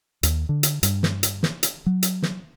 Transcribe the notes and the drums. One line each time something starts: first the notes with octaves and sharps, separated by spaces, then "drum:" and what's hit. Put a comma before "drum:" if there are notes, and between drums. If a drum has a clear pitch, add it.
D#2, drum: hi-hat
D3
drum: hi-hat
G2, drum: hi-hat
drum: snare
drum: hi-hat
drum: snare
drum: hi-hat
F#3
drum: hi-hat
drum: snare